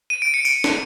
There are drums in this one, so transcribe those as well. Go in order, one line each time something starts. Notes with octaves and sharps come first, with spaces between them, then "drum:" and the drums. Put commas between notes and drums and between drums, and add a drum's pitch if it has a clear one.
D#7
D7
C#7
D7, drum: tambourine
drum: snare